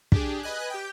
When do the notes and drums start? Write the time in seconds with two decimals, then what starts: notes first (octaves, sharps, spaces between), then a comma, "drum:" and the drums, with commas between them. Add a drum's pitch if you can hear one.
0.12 D4 G4 G#4, drum: kick
0.43 B4 D#5 G#5 F#6
0.70 G4 G5